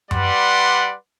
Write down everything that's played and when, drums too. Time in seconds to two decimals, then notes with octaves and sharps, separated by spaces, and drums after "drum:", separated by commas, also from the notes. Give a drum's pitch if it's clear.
0.11 G3 B4 D5 F#5 C6, drum: tom F#2